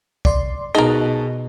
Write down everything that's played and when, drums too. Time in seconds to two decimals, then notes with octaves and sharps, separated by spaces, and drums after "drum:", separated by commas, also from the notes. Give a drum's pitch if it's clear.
0.25 D5 C6, drum: kick B1
0.75 B2 D#4 G#4 A#4 D#5 A5